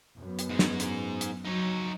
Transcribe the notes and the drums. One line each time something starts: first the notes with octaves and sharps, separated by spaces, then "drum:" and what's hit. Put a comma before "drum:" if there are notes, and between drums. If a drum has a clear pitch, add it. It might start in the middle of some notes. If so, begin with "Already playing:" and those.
F#2 B3
drum: hi-hat
G#2 G#3
drum: snare
drum: hi-hat
drum: hi-hat
F#3 D#4 C#5